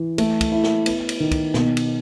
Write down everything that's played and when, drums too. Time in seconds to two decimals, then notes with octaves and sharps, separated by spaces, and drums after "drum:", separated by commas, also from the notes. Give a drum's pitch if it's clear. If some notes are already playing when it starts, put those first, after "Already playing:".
Already playing: E3
0.18 A3, drum: cymbal
0.41 drum: kick, cymbal
0.52 E4
0.63 drum: snare
0.86 B3, drum: cymbal
1.09 drum: cymbal
1.20 D#3
1.31 drum: kick, cymbal
1.54 B2, drum: snare
1.77 drum: cymbal